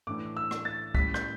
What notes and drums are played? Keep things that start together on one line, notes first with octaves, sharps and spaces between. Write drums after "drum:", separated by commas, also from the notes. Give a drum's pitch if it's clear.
A2 E3 A3 D4 D6
E6
drum: rim click
A6
A2 G3 C#4 B6, drum: kick
G6, drum: rim click